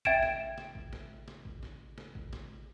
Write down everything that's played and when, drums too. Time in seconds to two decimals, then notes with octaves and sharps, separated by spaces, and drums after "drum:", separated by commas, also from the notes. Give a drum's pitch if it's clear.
0.05 E5 G5 G#6 A6 D7 E7, drum: kick A1
0.23 drum: snare
0.58 drum: snare
0.75 drum: kick A1
0.93 drum: snare
1.28 drum: snare
1.45 drum: kick A1
1.63 drum: snare
1.98 drum: snare
2.15 drum: kick A1
2.33 drum: snare